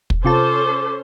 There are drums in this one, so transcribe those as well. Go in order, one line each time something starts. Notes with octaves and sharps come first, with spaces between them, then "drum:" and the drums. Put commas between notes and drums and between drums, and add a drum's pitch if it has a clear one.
drum: kick
C3 C#4 F4 A4 C5 A5 D6